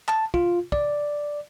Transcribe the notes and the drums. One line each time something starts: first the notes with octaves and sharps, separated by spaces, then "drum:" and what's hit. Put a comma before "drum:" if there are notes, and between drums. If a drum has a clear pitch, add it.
A5, drum: clap
F4, drum: kick
D5, drum: kick